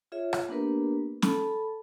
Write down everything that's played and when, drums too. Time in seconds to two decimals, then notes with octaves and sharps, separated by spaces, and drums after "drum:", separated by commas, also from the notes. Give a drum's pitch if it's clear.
0.12 F4 G#4 C#5 E5
0.33 drum: rim click
0.48 A#3 B3 D4 G4 A#4 B4
1.22 A4 A5 B5, drum: snare